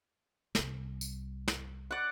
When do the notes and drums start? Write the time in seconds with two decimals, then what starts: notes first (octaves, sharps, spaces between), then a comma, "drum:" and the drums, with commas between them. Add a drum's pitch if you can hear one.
0.55 C2 G3, drum: snare
1.01 drum: tambourine
1.48 drum: snare
1.91 D5 F#5